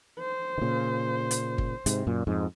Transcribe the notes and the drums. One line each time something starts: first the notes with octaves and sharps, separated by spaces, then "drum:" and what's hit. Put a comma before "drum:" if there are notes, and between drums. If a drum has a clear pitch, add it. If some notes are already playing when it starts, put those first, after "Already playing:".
C5
D#3
A#2 C#3
drum: hi-hat
drum: kick G1
G#2 C3, drum: hi-hat
F#2 A#2
F2 G#2